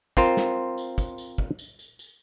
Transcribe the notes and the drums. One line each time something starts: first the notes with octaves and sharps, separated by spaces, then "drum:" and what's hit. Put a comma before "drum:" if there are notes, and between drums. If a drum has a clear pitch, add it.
C4 F4 A#4 C5, drum: kick, tambourine
drum: snare
drum: tambourine
drum: kick, tambourine
drum: tambourine
drum: kick
drum: tambourine
drum: tambourine
drum: tambourine